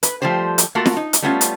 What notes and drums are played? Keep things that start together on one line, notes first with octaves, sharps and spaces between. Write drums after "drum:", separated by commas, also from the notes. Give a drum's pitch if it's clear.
B4, drum: hi-hat
F3 G3 A3 G4 C5
drum: hi-hat
A3 A#3 F4 F#4 A4
drum: snare
D#4
drum: hi-hat
G3 A3 B3 C#4 E4 F4
drum: hi-hat